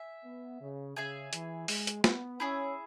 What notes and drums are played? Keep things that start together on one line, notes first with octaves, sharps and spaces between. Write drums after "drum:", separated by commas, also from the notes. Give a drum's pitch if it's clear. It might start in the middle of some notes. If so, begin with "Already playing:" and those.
Already playing: E5 G#5
B3
C#3
C#3 G#4 E5 G#5
E3, drum: hi-hat
G#3, drum: open hi-hat
drum: hi-hat
B3, drum: snare
C#4 E4 G#4 E5